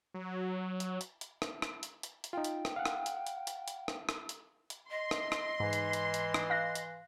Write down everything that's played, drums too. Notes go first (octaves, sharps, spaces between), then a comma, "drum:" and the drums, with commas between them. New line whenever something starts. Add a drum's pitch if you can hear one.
F#3
drum: hi-hat
drum: hi-hat
drum: hi-hat
drum: rim click
drum: rim click
drum: hi-hat
drum: hi-hat
drum: hi-hat
D#4 F4 G5
drum: hi-hat
drum: rim click
F5 F#5
drum: rim click
drum: hi-hat
drum: hi-hat
drum: hi-hat
drum: hi-hat
drum: rim click
drum: rim click
drum: hi-hat
drum: hi-hat
D#5 C6
drum: rim click
drum: rim click
G#2 E3
drum: hi-hat
drum: hi-hat
drum: hi-hat
drum: rim click
F5 F#6 A#6
drum: hi-hat